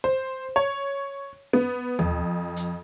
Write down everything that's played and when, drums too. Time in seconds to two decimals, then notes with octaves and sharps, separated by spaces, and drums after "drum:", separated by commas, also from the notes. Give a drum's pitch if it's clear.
0.04 C5
0.56 C#5
1.53 B3
1.99 F2, drum: tom D#2
2.56 drum: hi-hat